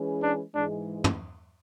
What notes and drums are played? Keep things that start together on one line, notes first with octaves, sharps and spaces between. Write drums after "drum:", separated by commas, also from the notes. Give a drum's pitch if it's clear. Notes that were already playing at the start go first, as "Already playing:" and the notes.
Already playing: E3 G#3 C#4 G#4 B4
D4
G#2 E3 G#3 D4
drum: tom